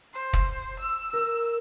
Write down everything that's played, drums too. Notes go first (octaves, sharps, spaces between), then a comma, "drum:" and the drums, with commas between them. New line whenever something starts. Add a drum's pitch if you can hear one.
C5
drum: kick
E6
A#4